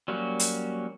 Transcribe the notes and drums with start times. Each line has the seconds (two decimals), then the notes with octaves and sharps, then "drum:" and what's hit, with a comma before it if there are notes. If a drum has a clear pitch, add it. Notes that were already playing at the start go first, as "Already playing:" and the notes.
0.08 F#3 G3 A#3 C#4 F#4
0.40 drum: hi-hat